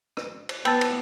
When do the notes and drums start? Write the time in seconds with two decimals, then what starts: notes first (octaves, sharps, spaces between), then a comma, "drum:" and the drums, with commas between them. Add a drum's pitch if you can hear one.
0.17 drum: rim click
0.49 drum: cymbal
0.65 B3 B4 G5 A5 B5 E6, drum: cymbal
0.81 drum: cymbal